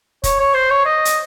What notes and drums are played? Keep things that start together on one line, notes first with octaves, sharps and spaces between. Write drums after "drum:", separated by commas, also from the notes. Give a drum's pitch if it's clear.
C#5, drum: kick, hi-hat
C#5
C5
C#5
D#5
drum: hi-hat